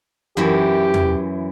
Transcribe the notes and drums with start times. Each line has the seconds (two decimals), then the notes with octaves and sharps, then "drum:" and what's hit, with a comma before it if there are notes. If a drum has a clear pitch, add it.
0.37 F#2 E3 G4
0.94 drum: tom E2